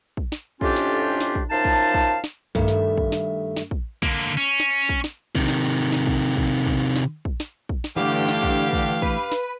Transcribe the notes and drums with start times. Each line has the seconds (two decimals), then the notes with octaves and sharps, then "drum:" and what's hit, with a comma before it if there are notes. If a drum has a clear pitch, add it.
0.17 drum: kick
0.32 drum: snare
0.61 F2 A2 C#4 D4 F4 G4, drum: kick
0.76 drum: snare
1.21 drum: snare
1.35 drum: kick
1.50 F#2 F3 D#4 F5 A5
1.65 drum: kick
1.94 drum: kick
2.24 drum: snare
2.55 G2 D#3 A3 E5, drum: kick
2.68 drum: snare
2.97 drum: kick
3.12 drum: snare
3.56 drum: snare
3.71 drum: kick
4.03 D3 A#3, drum: kick
4.37 C#4
4.60 drum: snare
4.89 drum: kick
5.04 drum: snare
5.35 C3 D#3, drum: kick
5.48 drum: snare
5.92 drum: snare
6.07 drum: kick
6.37 drum: kick
6.66 drum: kick
6.96 drum: snare
7.25 drum: kick
7.40 drum: snare
7.69 drum: kick
7.84 drum: snare
7.96 G2 D3 E3 A3 G4 F5
8.28 drum: snare
8.43 drum: kick
8.73 drum: kick
9.02 B4, drum: kick
9.32 drum: snare